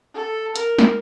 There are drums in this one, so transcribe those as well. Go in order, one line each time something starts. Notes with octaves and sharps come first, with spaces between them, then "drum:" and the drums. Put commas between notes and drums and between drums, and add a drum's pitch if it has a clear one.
A4
A#4, drum: hi-hat
drum: snare